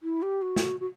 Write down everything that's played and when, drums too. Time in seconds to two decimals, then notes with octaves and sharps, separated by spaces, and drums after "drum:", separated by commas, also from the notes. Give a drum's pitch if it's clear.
0.03 E4
0.22 G4
0.42 F#4
0.56 drum: snare
0.80 F#4